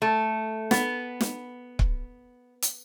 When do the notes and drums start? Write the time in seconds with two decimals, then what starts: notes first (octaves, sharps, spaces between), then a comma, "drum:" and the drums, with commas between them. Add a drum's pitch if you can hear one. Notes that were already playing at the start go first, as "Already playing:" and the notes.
0.02 A3
0.71 B3, drum: snare
1.21 drum: snare
1.79 drum: kick C#1
2.62 drum: hi-hat